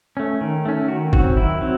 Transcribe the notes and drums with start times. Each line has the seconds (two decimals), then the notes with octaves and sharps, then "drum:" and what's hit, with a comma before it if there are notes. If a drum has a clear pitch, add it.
0.17 A3 C#4
0.41 D#3
0.65 A3 C#4
0.88 D#3 F#4
1.13 F#3 C4 F#4, drum: kick
1.37 D#3 E4
1.61 F#3 C4